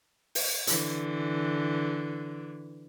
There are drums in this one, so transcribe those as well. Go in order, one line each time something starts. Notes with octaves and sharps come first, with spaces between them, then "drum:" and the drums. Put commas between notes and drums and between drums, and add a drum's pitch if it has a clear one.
drum: open hi-hat
D3 E3, drum: hi-hat